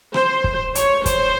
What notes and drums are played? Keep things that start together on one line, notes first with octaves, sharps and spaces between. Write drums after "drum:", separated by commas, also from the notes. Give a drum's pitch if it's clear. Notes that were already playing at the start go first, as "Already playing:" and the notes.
C5, drum: rim click
drum: kick
C#5, drum: hi-hat
C5, drum: kick, hi-hat